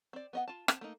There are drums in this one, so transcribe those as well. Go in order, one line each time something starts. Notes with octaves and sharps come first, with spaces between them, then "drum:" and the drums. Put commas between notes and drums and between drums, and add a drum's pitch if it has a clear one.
C4 D5
B3 D#5 F#5
F4 A5
C4 A5, drum: rim click
A3 A#3 D#4